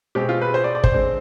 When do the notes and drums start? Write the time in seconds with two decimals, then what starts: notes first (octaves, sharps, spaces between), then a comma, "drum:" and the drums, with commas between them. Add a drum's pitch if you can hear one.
0.15 B2 G#3 C4 G4
0.29 F4
0.41 B4
0.54 C5
0.64 D5
0.75 D5
0.84 C5, drum: kick
0.93 D3 G#3 C4